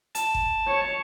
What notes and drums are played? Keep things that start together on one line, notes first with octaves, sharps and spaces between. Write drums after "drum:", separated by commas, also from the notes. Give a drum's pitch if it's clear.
A5, drum: hi-hat
drum: kick F#1
C#5